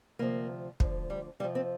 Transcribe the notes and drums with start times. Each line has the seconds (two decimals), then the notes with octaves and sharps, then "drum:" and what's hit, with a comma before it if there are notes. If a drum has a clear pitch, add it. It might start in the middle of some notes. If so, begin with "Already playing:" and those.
0.19 D2 C3 F3 A#3
0.80 D2 D3 F3, drum: kick
1.10 G3
1.40 F2 C3 F3 G3
1.55 C4